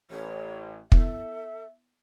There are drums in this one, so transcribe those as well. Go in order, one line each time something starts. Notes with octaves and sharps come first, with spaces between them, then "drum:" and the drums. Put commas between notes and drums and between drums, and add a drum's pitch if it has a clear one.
A1 C#5
B3 E4 A4 E5, drum: kick